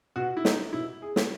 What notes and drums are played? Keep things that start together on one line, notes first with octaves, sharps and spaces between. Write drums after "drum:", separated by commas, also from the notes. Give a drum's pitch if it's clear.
B2 F#4
E4
D#4, drum: snare
B2 E4
G#4
drum: snare